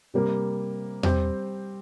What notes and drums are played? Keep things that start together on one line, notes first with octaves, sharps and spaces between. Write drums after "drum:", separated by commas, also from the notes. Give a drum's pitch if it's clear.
C3 G3 A#3
G3 C4 G4 C5, drum: tom E2